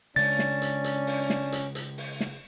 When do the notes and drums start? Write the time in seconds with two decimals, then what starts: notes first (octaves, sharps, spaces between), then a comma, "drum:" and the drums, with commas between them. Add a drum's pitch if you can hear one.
0.16 C#3 G#3 C#4 D4 A6, drum: open hi-hat
0.39 drum: snare
0.62 drum: hi-hat
0.84 drum: hi-hat
1.07 drum: open hi-hat
1.30 drum: snare
1.52 drum: hi-hat
1.75 drum: hi-hat
1.98 drum: open hi-hat
2.20 drum: snare